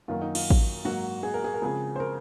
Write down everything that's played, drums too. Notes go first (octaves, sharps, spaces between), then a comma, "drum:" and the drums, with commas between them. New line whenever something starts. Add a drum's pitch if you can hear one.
F#2 D#3 F#3 A#3 F4
D#4
F4, drum: cymbal
drum: kick A1
G#2 F#3 A#3 F#4
G#4
A#4
G#4
A#4
C#3 F3 G#3 C4 G#4
C5
A#4